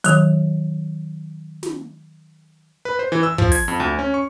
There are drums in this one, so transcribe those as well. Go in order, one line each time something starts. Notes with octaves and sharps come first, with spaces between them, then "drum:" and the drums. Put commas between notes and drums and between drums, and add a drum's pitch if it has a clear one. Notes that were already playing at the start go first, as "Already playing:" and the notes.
D#3 F#3, drum: hi-hat
drum: snare
B4
C5
E3
E6
F3, drum: kick
G#6, drum: open hi-hat
F2
D2
C#4
C#6